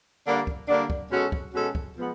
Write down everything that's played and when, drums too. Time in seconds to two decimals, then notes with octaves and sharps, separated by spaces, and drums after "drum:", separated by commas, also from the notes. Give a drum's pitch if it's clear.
0.26 D3 G3 A#3 D4
0.47 drum: kick
0.68 D3 G3 A#3 D4
0.90 drum: kick
1.11 B2 G#3 C#4 F#4 A4
1.32 drum: kick
1.53 B2 G#3 C#4 F#4 A4
1.75 drum: kick
1.96 F3 G#3 B3